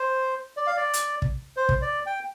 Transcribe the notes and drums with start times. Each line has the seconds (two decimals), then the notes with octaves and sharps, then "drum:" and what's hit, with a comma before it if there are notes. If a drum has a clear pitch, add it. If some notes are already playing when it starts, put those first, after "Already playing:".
Already playing: C5
0.57 D5
0.67 F5
0.77 D5
0.94 drum: hi-hat
1.22 drum: kick
1.57 C5
1.69 drum: kick
1.82 D5
2.06 G5